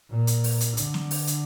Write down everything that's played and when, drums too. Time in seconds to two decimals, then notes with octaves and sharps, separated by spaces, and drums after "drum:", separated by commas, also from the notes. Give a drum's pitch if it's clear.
0.10 A#2
0.27 drum: hi-hat
0.44 drum: open hi-hat
0.61 drum: hi-hat
0.77 D3, drum: hi-hat
0.94 drum: snare
1.11 drum: open hi-hat
1.27 drum: hi-hat